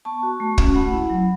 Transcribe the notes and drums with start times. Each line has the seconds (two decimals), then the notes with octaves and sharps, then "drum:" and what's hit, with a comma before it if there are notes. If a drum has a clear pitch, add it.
0.05 B3 A5 C#6
0.23 F#4
0.40 A3
0.58 C#4 F#4, drum: kick
0.75 A3 F#5 B5
0.92 E4
1.10 F#3